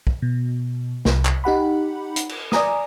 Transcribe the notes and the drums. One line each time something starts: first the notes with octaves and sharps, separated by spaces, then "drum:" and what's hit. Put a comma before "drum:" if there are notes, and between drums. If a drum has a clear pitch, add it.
drum: kick
B2
C2, drum: snare
drum: clap
D#4 G4 F#5 B5
drum: hi-hat
drum: cymbal
D5 G#5 A#5 D#6, drum: snare